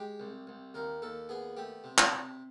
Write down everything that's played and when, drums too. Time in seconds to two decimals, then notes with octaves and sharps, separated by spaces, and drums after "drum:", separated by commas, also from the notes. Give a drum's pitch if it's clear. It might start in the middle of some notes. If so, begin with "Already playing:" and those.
Already playing: G#3 G4
0.20 C2
0.47 C2
0.74 D#2 A#4
1.02 D#2 A4
1.29 B3 G#4
1.57 A3 G4
1.84 C3
1.98 drum: clap
2.12 C3